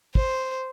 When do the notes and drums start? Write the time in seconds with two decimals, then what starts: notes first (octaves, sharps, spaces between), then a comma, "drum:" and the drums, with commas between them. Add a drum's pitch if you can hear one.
0.15 C5, drum: kick